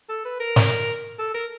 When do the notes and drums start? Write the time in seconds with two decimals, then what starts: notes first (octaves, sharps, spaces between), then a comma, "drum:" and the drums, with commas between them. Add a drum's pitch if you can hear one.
0.09 A4
0.25 B4
0.40 A#4
0.56 drum: snare
1.19 A4
1.34 A#4